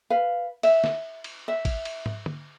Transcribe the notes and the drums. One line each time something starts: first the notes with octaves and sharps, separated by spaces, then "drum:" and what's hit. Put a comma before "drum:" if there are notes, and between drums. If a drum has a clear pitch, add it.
B4 F5
E5, drum: cymbal
drum: snare
drum: cymbal
E5
drum: kick, cymbal
drum: cymbal
drum: tom
drum: tom